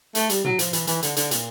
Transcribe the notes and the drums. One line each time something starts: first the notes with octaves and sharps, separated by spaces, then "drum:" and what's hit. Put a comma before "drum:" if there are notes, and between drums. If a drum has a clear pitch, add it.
A3, drum: hi-hat
G3, drum: hi-hat
F#3, drum: tom
F3, drum: hi-hat
E3, drum: hi-hat
E3, drum: hi-hat
D3, drum: hi-hat
D3, drum: hi-hat
A#2, drum: hi-hat